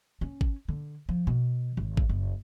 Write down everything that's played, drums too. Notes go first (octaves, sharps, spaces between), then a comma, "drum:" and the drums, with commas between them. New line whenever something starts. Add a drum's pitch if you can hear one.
C#4
drum: kick
D3
F3
B2
G#1
drum: kick
F#1